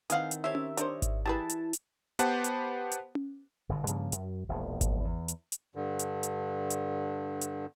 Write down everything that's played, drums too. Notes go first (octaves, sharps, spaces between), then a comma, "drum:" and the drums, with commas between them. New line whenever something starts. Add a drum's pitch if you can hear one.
D#3 E3 C4 G#4 F5 F#5, drum: hi-hat
drum: hi-hat
G4 A#4 C5 C#5 E5 A5
drum: tom C#4
G3 D4 A#4 C5 C#5 D#5, drum: hi-hat
drum: kick G#1, hi-hat
E3 E4 G4 G#4 B4 A5
drum: hi-hat
drum: hi-hat
B3 G4 B4 C5 F#5 A5, drum: hi-hat
drum: hi-hat
drum: hi-hat
drum: tom C#4
G1 G#2 B2 D3
G2 C#3 F3 A#3, drum: hi-hat
F#2, drum: hi-hat
E1 A#1 F3
drum: kick G#1, hi-hat
E2
drum: hi-hat
drum: hi-hat
G2 D3
drum: hi-hat
drum: hi-hat
drum: hi-hat
drum: hi-hat